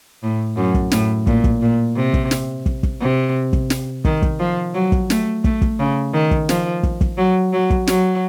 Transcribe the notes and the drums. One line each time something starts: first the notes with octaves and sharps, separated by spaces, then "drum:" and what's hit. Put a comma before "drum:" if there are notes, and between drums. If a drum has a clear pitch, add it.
A2
F#2
drum: kick
A2, drum: snare
A#2, drum: kick
drum: kick
A#2
C3
drum: kick
drum: snare
drum: kick
drum: kick
C3
drum: kick
drum: snare
D#3, drum: kick
drum: kick
F3
F#3
drum: kick
A3, drum: snare
A3, drum: kick
drum: kick
C#3
D#3
drum: kick
F3, drum: snare
drum: kick
drum: kick
F#3
F#3
drum: kick
F#3, drum: snare